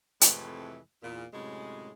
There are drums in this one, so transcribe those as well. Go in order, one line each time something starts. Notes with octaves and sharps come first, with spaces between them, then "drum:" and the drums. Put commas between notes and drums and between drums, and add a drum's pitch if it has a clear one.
F2 A2 C3 E3 G#3 A3, drum: hi-hat
E2 A#2
F#2 A2 C3 G#3